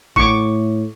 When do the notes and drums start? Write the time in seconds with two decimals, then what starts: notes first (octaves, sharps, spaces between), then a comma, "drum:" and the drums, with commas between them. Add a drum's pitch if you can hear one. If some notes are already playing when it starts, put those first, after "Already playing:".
0.16 A2 C#6 D6, drum: kick